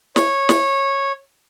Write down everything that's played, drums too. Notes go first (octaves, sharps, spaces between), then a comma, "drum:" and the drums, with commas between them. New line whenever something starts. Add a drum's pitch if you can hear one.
C#5, drum: snare
drum: snare